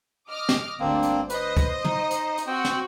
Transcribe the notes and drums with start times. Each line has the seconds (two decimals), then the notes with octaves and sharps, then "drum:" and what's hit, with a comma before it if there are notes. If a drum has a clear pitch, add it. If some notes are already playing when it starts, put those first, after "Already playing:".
0.30 D#5 D6 F6
0.49 drum: snare
0.80 G1 D2 A#3 C4 D4
1.03 drum: hi-hat
1.30 B4 C5 D#5, drum: hi-hat
1.57 drum: kick, hi-hat
1.84 D#4, drum: tom
2.11 drum: hi-hat
2.38 drum: hi-hat
2.47 C4 F#4 G5
2.65 drum: snare